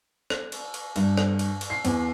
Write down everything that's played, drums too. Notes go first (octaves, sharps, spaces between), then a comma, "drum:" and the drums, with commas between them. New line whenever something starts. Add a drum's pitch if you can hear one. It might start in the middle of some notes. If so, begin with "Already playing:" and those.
drum: rim click
drum: cymbal
drum: cymbal
G2, drum: cymbal
drum: rim click
drum: cymbal
drum: cymbal
C7
E2, drum: cymbal